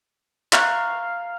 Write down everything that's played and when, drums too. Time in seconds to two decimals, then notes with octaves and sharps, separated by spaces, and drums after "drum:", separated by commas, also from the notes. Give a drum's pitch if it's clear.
0.53 F5 A#5 C#6 F#6, drum: clap